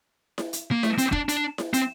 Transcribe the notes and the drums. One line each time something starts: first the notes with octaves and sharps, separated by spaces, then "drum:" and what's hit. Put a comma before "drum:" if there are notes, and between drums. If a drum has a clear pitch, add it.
drum: snare E4
drum: hi-hat
A#3
A3, drum: snare E4
C4, drum: hi-hat
D4, drum: kick
D4, drum: hi-hat
drum: snare E4
C4, drum: hi-hat